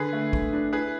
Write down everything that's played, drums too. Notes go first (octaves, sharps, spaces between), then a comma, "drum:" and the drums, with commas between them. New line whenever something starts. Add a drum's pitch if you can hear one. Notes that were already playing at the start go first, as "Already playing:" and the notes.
Already playing: D3 G#4 B4
A3
D3, drum: kick
D4
E4 G#4 B4